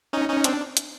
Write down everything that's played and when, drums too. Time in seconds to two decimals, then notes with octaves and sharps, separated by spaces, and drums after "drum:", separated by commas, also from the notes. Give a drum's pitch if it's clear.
0.13 C#4 D#4
0.28 C#4 D#4
0.44 C4 D4, drum: hi-hat
0.77 drum: hi-hat